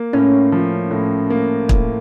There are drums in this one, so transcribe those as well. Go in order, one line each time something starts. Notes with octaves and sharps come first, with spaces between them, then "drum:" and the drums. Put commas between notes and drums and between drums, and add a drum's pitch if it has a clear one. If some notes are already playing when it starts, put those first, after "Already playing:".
Already playing: A#3
A2 C#4
F3
A2
A#3
A2, drum: kick